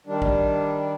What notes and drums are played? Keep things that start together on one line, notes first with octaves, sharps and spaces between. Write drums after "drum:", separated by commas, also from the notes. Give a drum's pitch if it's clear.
D#3 G3 D4
drum: kick